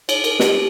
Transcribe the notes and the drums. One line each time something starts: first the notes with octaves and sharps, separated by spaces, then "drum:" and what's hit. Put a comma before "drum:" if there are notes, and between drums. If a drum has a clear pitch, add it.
C#5, drum: cymbal
A#4, drum: cymbal
G4, drum: snare